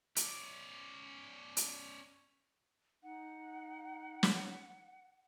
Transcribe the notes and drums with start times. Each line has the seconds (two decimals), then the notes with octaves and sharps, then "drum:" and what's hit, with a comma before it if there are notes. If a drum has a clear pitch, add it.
0.16 C#4 D5, drum: hi-hat
1.57 drum: hi-hat
3.03 D#4 F#5
4.23 drum: snare